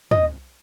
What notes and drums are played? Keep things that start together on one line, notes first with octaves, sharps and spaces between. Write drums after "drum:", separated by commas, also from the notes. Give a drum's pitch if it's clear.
D#5, drum: tom